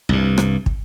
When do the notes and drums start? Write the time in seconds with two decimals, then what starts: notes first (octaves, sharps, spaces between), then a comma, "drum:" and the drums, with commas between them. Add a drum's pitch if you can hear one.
0.09 C2 G2
0.38 drum: rim click
0.66 drum: kick